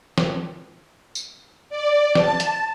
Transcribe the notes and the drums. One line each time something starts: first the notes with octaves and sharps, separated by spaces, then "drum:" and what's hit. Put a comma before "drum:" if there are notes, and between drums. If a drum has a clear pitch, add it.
drum: snare
drum: tambourine
D5
A5, drum: snare
drum: hi-hat